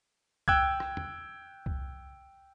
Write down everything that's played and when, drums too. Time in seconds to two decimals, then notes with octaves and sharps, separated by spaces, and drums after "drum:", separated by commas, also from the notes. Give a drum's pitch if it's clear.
0.48 G5 E6 F#6 G#6, drum: kick C2
0.80 drum: rim click
0.97 drum: tom E2
1.66 drum: kick C2